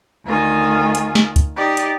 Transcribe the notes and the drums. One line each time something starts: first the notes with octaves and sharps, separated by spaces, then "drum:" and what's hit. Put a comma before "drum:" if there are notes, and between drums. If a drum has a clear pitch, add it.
D2 D#3 F4 G#5
drum: hi-hat
drum: snare
drum: kick, hi-hat
D#4 G4 D5
drum: hi-hat